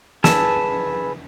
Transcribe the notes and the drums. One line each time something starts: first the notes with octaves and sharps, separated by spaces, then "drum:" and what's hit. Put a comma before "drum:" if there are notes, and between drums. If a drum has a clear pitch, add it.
G#4 B4 A5 E6, drum: snare